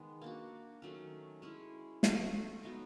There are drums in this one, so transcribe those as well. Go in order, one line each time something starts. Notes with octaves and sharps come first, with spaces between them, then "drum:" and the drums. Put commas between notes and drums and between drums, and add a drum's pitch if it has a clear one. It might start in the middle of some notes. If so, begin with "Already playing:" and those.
Already playing: D#3 G#3 B3
A#3 D4 F#4
D#3 F#3 A3 C#4
G#3 C#4 E4
F#3 A3 C4 F4, drum: snare
F#3 B3 D#4